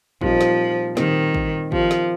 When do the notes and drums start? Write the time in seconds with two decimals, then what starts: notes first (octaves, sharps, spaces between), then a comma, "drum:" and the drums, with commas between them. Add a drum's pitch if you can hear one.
0.21 A#2 F3 G3 C4 D#4, drum: kick
0.41 drum: snare
0.97 A#2 D#3 G3 C4 D#4, drum: snare
1.34 drum: kick
1.72 D#3 F3 C4 G4, drum: kick
1.91 drum: snare